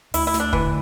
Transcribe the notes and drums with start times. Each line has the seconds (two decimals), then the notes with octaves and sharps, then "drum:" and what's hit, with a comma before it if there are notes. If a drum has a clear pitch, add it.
0.14 D2 E4, drum: open hi-hat
0.27 E4
0.34 A3, drum: snare
0.40 D4
0.53 D3 E3, drum: kick E1